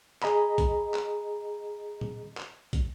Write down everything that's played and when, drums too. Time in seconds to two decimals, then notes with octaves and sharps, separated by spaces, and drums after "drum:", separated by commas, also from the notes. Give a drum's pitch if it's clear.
0.22 G#4 D#5 A#5 B5, drum: clap
0.58 drum: kick, hi-hat
0.94 drum: clap
2.01 drum: tom A#2
2.37 drum: clap
2.73 drum: kick, hi-hat